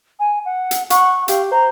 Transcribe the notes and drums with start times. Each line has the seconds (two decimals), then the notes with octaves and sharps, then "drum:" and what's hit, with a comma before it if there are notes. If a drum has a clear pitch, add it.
0.20 G#5
0.45 F#5
0.71 drum: hi-hat
0.90 F#5 C#6, drum: hi-hat
1.28 G4 F5, drum: hi-hat
1.51 C5 A#5